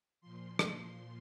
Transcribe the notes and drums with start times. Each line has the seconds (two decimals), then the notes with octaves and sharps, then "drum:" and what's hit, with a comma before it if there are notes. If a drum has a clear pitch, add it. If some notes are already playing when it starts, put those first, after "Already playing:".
0.21 A#2 F3 C6
0.59 drum: rim click